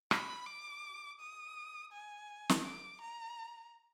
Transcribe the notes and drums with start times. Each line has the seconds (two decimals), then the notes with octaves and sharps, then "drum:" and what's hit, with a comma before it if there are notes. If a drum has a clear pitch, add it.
0.11 B5, drum: rim click
0.46 D6
1.20 D#6
1.92 G#5
2.49 drum: snare
2.63 D6
3.01 A#5